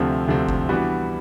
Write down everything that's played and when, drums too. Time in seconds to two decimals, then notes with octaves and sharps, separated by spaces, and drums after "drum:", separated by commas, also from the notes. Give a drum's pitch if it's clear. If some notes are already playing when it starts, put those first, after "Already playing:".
Already playing: D2 C3 F3 A3 C4
0.28 D2 C3 F3 A3 C4
0.49 drum: kick G1
0.69 E3 G3 B3 D4 F#4